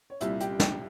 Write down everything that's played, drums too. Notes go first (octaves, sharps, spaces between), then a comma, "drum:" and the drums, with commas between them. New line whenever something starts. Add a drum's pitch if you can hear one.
C#5
C2 A#2 G3 E4 E5, drum: hi-hat
G4 G5, drum: hi-hat
G4 G5, drum: snare